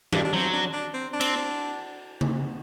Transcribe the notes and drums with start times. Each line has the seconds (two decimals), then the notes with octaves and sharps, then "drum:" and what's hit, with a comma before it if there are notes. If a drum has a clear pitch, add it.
0.13 G2 D4, drum: tom
0.24 D4
0.33 F#3 C4
0.53 D4
0.73 D4
0.93 C4
1.13 D4
1.21 C4, drum: cymbal
2.21 drum: tom